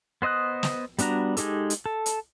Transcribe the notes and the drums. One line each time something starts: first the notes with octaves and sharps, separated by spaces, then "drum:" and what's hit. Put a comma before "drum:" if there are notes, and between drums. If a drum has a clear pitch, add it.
B3 C5 D#5 D#6 F#6
drum: snare
G3 B3 D4 F#4 A#5, drum: hi-hat
G#3 D#4 G4 A4, drum: hi-hat
drum: hi-hat
A4
drum: hi-hat